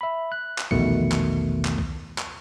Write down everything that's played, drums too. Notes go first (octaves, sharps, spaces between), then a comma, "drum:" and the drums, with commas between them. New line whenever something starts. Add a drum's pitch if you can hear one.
E5 B5
F#6
drum: clap
A#1 E2 B2 D#3 A3 C#7, drum: kick C2
drum: clap
drum: clap
drum: kick C2
drum: clap